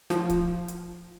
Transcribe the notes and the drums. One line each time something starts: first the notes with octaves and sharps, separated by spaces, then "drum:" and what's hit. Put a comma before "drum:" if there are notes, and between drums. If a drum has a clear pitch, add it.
F3, drum: snare
drum: kick C#1, hi-hat
drum: hi-hat